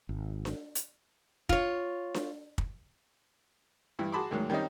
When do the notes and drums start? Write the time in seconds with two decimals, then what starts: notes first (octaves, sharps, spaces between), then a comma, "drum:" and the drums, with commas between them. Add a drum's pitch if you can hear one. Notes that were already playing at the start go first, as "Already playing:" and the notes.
0.09 G#1
0.45 drum: snare D4
0.75 drum: hi-hat
1.49 F4 C#5, drum: kick
2.14 drum: snare D4
2.58 drum: kick
3.99 G2 E3
4.12 F#4 G#4 A5 B5 C6 D6
4.31 D2 G#2 D#3 F#3
4.50 D#3 G3 C4 C#4 D#4